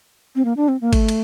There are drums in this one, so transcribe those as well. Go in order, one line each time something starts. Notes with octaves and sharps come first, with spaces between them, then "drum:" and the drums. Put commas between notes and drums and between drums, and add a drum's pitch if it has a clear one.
C4
A#3
D4
C4
A#3
A3, drum: kick G#1, cymbal
drum: cymbal